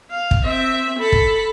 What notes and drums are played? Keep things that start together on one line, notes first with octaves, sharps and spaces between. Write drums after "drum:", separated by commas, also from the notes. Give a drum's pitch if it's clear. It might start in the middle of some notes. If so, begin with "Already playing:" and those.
F5
drum: kick
C4 E5
A4 B5
drum: kick